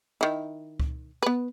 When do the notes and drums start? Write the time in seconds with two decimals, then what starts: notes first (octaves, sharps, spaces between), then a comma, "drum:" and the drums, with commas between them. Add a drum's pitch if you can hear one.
0.21 D#3 E4
0.80 drum: kick C#2
1.23 B3 B4